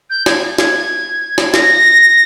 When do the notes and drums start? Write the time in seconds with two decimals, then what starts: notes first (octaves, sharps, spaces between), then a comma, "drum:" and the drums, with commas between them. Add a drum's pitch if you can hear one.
0.10 G6
0.26 G#6, drum: snare
0.58 G#6, drum: snare
1.38 drum: snare
1.54 A#6, drum: snare